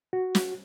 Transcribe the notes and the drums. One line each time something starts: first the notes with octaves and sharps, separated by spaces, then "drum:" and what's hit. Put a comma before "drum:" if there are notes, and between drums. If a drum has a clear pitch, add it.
F#4
drum: snare